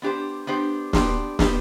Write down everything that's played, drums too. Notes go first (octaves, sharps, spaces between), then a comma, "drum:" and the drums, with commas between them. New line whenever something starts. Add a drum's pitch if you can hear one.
B3 D4 G4 C5
B3 D4 G4 C5
B3 D4 G4 C5, drum: snare
B3 D4 G4 C5, drum: snare